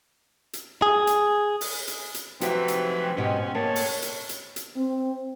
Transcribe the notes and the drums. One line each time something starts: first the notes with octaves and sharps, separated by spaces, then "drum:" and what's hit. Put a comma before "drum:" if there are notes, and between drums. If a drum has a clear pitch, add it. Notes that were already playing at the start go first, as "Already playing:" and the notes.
drum: hi-hat
G#4
drum: hi-hat
drum: open hi-hat
drum: hi-hat
drum: hi-hat
F3 F#3 C4 F#4 G4 B4 E5, drum: hi-hat
drum: hi-hat
G#2 B2 C#4 G4
C#2 A#3 C#5 A5
drum: open hi-hat
drum: hi-hat
drum: hi-hat
drum: hi-hat
C4